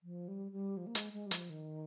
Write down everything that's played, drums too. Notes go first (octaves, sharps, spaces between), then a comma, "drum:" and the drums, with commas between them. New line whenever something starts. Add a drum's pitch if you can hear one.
F3
G3
G3
F3
A#3
G#3, drum: hi-hat
G#3
G3
F3, drum: hi-hat
D#3